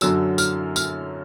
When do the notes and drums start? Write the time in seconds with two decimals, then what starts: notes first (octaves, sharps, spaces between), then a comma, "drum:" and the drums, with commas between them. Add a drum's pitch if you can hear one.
0.01 F#2 D3 F#3 E6, drum: tambourine
0.38 F6, drum: tambourine
0.76 F6, drum: tambourine